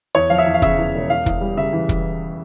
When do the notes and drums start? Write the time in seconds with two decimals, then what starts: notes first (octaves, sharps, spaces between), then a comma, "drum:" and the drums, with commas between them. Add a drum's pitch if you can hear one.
0.15 E2 C#5
0.30 F3 F5
0.38 E5
0.47 E2
0.54 F5
0.62 C#3 E5, drum: kick
0.78 E2
0.94 E1
1.10 E2 F5
1.26 E2, drum: kick
1.41 G3
1.57 C#3 E5
1.73 E3
1.89 drum: kick